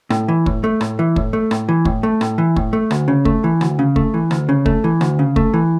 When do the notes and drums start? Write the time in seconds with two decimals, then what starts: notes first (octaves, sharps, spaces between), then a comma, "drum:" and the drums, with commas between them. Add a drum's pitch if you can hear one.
0.10 A2, drum: rim click
0.28 E3
0.46 A2, drum: kick
0.64 A3
0.81 A2, drum: rim click
0.99 E3
1.16 A2, drum: kick
1.33 A3
1.51 A2, drum: rim click
1.69 E3
1.85 A2, drum: kick
2.03 A3
2.21 A2, drum: rim click
2.38 E3
2.56 A2, drum: kick
2.73 A3
2.91 D2, drum: rim click
3.08 C#3
3.25 A3, drum: kick
3.44 E3
3.61 D2, drum: rim click
3.79 C#3
3.96 A3, drum: kick
4.14 E3
4.31 D2, drum: rim click
4.49 C#3
4.66 A3, drum: kick
4.84 E3
5.01 D2, drum: rim click
5.19 C#3
5.36 A3, drum: kick
5.54 E3